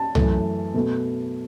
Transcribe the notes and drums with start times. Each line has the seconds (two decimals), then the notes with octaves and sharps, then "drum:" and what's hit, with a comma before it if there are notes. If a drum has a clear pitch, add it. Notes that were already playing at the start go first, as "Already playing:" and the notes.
Already playing: A5
0.15 F#2 E3 A3, drum: tom C2
0.74 B2 A3